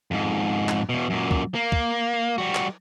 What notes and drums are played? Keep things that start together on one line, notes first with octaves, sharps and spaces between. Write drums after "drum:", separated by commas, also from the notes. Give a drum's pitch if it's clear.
F2 G#2
drum: clap
E2 B2
F#2 A#2
drum: kick
A#3
drum: kick
G3 F#4
drum: clap